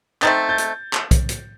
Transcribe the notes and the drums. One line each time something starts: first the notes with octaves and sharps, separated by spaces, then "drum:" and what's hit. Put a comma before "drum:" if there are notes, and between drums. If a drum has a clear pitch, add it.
A3 C4 D#4 G6 A6, drum: clap
G6 A6
drum: hi-hat
drum: clap
drum: kick B1, hi-hat
drum: hi-hat